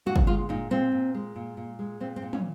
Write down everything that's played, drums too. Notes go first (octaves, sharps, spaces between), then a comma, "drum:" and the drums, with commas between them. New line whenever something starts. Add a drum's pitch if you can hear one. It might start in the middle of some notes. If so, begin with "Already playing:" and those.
A#2 F#4
drum: kick
G#3 F4
A#2 D#4
A#2 C4
A#2
G#3
A#2
A#2
G#3
A#2 C4
C4
A#2
C#4, drum: tom